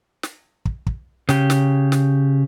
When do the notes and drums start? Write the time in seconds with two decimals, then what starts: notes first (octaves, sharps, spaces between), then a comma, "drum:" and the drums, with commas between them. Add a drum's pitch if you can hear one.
0.23 drum: snare
0.65 drum: kick
0.87 drum: kick
1.29 C#3 G4, drum: snare
1.50 drum: snare
1.92 drum: snare